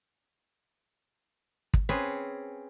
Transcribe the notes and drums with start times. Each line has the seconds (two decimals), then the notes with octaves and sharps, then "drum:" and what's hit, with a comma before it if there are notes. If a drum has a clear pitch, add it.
1.74 drum: kick
1.89 C4 C#4 G#4 B4